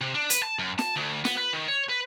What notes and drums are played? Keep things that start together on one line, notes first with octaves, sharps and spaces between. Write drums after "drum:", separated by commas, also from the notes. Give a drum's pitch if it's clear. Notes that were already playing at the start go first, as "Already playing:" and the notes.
C3
D4
B4, drum: hi-hat
A5
F#2
A5, drum: snare
D2
B3, drum: snare
B4
D#3
C#5
B4